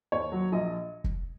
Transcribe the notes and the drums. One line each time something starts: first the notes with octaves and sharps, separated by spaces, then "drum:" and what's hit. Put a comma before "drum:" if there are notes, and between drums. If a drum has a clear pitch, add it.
D#2 C#5
F#3
A#1 D#5
drum: kick